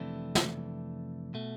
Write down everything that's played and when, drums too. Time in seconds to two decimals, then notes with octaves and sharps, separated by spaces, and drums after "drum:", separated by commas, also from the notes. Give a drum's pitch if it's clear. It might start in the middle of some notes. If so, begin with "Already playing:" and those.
Already playing: F2 C3 E3 A3 D4
0.35 drum: snare
1.34 B2 A3